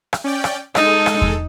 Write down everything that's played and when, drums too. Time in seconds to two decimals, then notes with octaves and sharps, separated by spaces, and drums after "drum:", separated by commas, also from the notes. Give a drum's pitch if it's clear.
0.13 drum: rim click
0.24 C#4 D5 G5
0.44 drum: rim click
0.75 G#3 D#4 A4, drum: rim click
1.06 drum: rim click
1.22 drum: kick E2